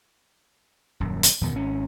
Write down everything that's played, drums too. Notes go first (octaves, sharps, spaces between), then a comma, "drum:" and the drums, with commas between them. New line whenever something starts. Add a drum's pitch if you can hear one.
D#1 F#2
drum: hi-hat
E2 G2 B2 D#3
G#1 C#4